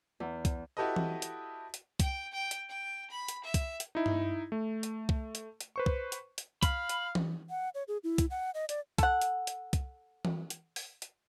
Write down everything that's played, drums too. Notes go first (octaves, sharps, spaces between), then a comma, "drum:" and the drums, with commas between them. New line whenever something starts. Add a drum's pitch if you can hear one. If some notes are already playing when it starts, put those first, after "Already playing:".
E2
drum: kick, hi-hat
E4 F#4 G4 A4 B4 D#5
drum: tom E3
drum: hi-hat
drum: hi-hat
G5, drum: kick, hi-hat
G5
drum: hi-hat
G5
B5
drum: hi-hat
E5
drum: kick, hi-hat
drum: hi-hat
D#4 E4
drum: tom G2
A3
drum: hi-hat
drum: kick
drum: hi-hat
drum: hi-hat
B4 C5 C#6
drum: kick
drum: hi-hat
drum: hi-hat
F5 B5, drum: kick, hi-hat
drum: hi-hat
drum: tom E3
F#5
C#5
G#4
E4
drum: kick, hi-hat
F#5
D#5
D5, drum: hi-hat
A4 F#5, drum: kick, hi-hat
drum: hi-hat
drum: hi-hat
drum: kick, hi-hat
drum: tom E3
drum: hi-hat
drum: open hi-hat
drum: hi-hat